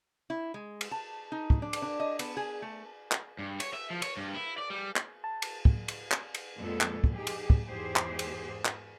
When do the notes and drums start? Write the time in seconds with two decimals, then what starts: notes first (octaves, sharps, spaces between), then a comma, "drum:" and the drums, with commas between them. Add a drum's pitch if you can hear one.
0.30 E4
0.54 G#3
0.81 drum: cymbal
0.91 A5
1.32 D#4
1.50 drum: kick
1.62 D4
1.73 drum: cymbal
1.82 D4
2.00 D#5
2.19 B3, drum: cymbal
2.37 G#4
2.62 A3
3.12 drum: clap
3.39 G2
3.60 C#5, drum: cymbal
3.74 E5
3.90 F3
4.02 C#5, drum: cymbal
4.17 G2
4.35 E4
4.58 D5
4.70 G3
4.96 drum: clap
5.24 A5
5.42 drum: cymbal
5.65 drum: kick
5.88 drum: cymbal
6.11 drum: clap
6.34 drum: cymbal
6.57 F2 A#2 G#3 B3 A4
6.81 drum: clap
7.04 drum: kick
7.13 D#4 G4 G#4
7.27 drum: cymbal
7.50 drum: kick
7.66 E2 G#2 G4 G#4 C5
7.96 drum: clap
8.19 drum: cymbal
8.65 drum: clap